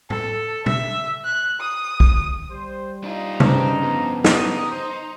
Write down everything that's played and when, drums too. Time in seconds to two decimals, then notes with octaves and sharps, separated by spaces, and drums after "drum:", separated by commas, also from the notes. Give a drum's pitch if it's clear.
0.10 A4, drum: tom A2
0.66 E5, drum: tom B2
1.24 F#6
1.60 D#6
2.00 drum: kick B1
2.50 G3 C5
3.04 D4 D#4 F4 A#5
3.40 G2 C#3 C4, drum: tom C3
3.82 F2 B3
4.24 D#4 G4 A#5 D#6, drum: snare
4.70 C5 A#5